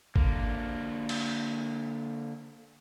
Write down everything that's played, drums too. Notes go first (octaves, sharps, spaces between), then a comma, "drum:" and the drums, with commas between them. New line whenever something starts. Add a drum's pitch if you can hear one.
D3 A#3, drum: kick
drum: cymbal